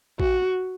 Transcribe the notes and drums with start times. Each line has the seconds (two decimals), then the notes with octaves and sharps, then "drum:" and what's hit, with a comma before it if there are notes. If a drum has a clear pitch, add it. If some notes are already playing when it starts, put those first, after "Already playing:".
0.20 F#4, drum: kick